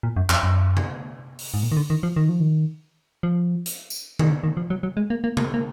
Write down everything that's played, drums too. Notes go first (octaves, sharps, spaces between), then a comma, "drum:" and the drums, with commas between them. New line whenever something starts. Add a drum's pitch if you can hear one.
A#2
F#2
F2, drum: clap
F#2
drum: tom C3
drum: open hi-hat
G#2
A#2
D#3
D3
D#3
F3
D#3
F3
D#3
F3
drum: hi-hat
drum: tambourine
D#3, drum: tom C3
D3
D#3
F3
F#3
F#3
G#3
A#3
A#3
A#3, drum: tom C3
A#3